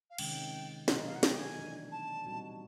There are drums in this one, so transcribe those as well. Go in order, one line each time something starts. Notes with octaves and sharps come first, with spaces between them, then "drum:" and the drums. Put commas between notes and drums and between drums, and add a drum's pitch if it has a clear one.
F5
C3 D#3 G#3 C#4 G5, drum: cymbal
B2 F#3 B3 D#4 F#5, drum: snare
F5
F#5
G#5, drum: snare
G5
G#5
E3 A3 D4
A5
A#2 G3 C4 D#4 F#4